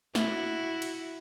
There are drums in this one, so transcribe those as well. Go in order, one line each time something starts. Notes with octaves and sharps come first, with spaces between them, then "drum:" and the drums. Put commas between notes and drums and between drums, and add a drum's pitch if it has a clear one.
E4 F#4, drum: snare
drum: cymbal